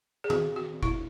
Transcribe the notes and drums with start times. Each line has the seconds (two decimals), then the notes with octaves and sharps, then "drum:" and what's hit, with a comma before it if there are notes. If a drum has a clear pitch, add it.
0.24 G#4
0.30 F#4, drum: tom D#3
0.56 F#4
0.83 E4, drum: kick F#1